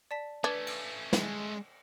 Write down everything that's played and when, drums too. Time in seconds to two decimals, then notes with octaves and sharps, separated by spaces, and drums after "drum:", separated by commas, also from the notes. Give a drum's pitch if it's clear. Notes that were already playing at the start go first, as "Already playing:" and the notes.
0.11 D5 A5 B6
0.44 A3 C#4 D4 B4 G#6
0.67 drum: cymbal
1.13 G#3, drum: snare